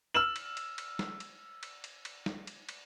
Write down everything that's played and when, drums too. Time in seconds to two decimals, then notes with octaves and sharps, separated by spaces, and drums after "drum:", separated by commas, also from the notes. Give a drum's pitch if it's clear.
0.14 E6 F6 E7 F#7
0.36 drum: cymbal
0.57 drum: cymbal
0.78 drum: cymbal
0.99 drum: snare
1.20 drum: cymbal
1.63 drum: cymbal
1.84 drum: cymbal
2.05 drum: cymbal
2.26 drum: snare
2.47 drum: cymbal
2.69 drum: cymbal